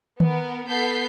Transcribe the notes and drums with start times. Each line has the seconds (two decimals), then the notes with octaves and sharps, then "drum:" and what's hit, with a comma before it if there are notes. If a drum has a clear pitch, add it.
0.20 B3 A#4, drum: tom D#3
0.68 B3 A4 G6 B6 C7